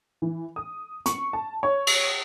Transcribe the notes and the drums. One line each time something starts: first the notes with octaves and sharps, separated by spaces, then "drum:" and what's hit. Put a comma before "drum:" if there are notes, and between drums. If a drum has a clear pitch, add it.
E3
D#6
C#6, drum: hi-hat
A5
C#5
drum: cymbal